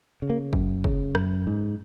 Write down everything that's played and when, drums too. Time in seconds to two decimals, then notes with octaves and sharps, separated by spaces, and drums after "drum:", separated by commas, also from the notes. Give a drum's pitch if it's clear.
0.22 C#3
0.30 A#3
0.53 F#2, drum: kick
0.84 C#3, drum: kick
1.15 F#2, drum: rim click
1.47 G#2